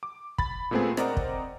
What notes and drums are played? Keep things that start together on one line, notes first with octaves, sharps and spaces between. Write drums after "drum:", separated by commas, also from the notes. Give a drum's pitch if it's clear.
D6
B5 A6, drum: kick
A#2 G#3 A3 B3 C4 G#4
C4 A#4 D5 D#5 F#5 A#5, drum: rim click
drum: kick